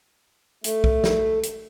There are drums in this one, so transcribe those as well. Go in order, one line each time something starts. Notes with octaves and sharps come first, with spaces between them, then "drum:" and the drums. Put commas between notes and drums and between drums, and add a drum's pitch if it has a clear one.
A3, drum: hi-hat
drum: kick B1
drum: snare
drum: hi-hat